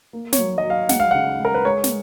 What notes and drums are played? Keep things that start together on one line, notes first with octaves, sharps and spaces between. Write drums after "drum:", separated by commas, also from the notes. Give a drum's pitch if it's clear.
A#3
C#5, drum: snare
F#3
D#5
F#3
F5
G#3 F#5, drum: snare
F5
C#3 F#5
G#3 A#4
B4
G#3 C#5
drum: snare